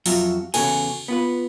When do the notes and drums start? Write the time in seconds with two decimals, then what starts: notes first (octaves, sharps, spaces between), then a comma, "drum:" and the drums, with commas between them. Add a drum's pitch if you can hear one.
0.06 F2 F#3 F4 F#4 E5, drum: open hi-hat
0.54 E2 C#3 F#4 A4 G#5, drum: cymbal
1.08 B3 F4 B4